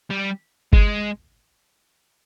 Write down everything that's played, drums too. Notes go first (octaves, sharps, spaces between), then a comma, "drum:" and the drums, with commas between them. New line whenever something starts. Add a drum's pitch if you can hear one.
G3
G#3, drum: kick G1